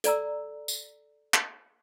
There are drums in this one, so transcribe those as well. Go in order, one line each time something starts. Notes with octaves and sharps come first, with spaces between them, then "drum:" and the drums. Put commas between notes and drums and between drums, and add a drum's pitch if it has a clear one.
A4 D5 A#5 E6, drum: hi-hat
drum: tambourine
drum: clap